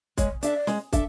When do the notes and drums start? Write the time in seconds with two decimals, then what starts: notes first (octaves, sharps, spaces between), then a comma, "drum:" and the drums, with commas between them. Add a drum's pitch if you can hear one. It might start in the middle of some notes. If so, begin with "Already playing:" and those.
0.17 G#3 C#5, drum: kick, hi-hat
0.43 D4 A4 D5 E5, drum: hi-hat
0.67 G#3, drum: snare
0.93 D4 A4 E5, drum: kick, hi-hat